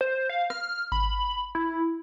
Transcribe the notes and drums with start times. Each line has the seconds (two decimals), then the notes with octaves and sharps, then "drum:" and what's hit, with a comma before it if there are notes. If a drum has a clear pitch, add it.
0.01 C5
0.29 F5
0.50 F6, drum: rim click
0.92 B5, drum: kick G#1
1.55 E4